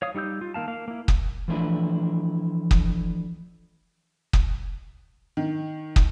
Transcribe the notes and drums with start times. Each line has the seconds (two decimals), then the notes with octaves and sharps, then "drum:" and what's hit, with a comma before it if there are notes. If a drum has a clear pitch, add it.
0.02 C#5 F5 D#6
0.15 G3 D#4 G4 E6 G6
0.41 F4
0.54 D#3 A#3 F5 A5
0.68 A#3 F5
0.88 A#3 E4
1.08 drum: kick
1.48 E3 F3 A3 D4 E4 B4
2.71 drum: kick
4.33 drum: kick
5.37 D#3
5.96 drum: kick